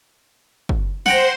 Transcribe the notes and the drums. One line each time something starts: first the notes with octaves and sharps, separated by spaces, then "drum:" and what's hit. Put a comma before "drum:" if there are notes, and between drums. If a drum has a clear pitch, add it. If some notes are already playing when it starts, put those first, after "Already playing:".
drum: kick
C5 F#5 G5 A#5 C6, drum: snare